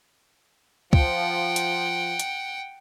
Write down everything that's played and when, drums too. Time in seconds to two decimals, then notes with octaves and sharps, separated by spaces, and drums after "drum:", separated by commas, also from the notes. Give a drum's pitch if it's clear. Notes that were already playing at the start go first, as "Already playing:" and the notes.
0.93 F3 F#5 G5, drum: kick
1.56 drum: hi-hat
2.20 drum: hi-hat